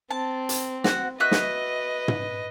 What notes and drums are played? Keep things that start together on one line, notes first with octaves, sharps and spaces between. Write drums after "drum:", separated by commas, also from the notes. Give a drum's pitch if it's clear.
C4 A5
drum: hi-hat
F#4 F#5, drum: snare
F#4 B4 D#5 E5 F#6
drum: snare
drum: tom